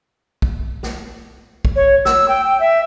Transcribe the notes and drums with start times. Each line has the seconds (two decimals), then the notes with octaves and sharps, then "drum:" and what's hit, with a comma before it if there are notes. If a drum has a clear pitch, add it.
0.42 drum: kick
0.83 drum: snare
1.65 drum: kick
1.76 C#5
2.05 E6, drum: snare
2.28 G5
2.44 G5
2.60 E5